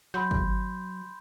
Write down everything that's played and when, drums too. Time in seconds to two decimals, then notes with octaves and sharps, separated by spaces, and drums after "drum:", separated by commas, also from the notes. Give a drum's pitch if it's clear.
0.14 F#3 B5 C6 G6
0.31 drum: kick